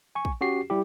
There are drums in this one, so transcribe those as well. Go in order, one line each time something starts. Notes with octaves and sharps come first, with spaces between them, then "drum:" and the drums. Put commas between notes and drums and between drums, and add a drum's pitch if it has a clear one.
G#5 C#6
drum: kick
C#4 F#4 G4 C7
G3 E4 G4